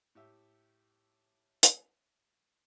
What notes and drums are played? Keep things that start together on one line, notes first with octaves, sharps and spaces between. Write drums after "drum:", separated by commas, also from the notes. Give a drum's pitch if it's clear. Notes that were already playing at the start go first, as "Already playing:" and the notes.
A2 G4 E5
drum: hi-hat